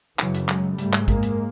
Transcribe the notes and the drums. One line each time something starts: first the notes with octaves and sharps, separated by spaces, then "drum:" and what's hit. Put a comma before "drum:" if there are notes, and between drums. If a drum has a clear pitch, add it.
F#2 C#3 E3 F#3, drum: clap
drum: hi-hat
F#3 G#3, drum: clap
G#2 G3 A3, drum: hi-hat
drum: clap
G#3 A#3, drum: kick, hi-hat
drum: hi-hat